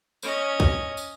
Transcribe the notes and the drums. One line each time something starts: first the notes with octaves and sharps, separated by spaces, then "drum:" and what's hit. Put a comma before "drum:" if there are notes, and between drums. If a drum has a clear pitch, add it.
C#4 D#5, drum: tambourine
drum: kick
drum: tambourine